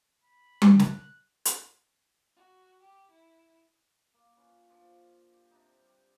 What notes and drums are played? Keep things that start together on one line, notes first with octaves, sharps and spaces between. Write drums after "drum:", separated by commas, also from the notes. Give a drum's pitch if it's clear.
B5
drum: tom G3
F#6, drum: snare
drum: hi-hat
F#4
G4
E4
A#3
C#4 F4 B4
A#2 F3 D4
G4
C3 D4 D#4
G3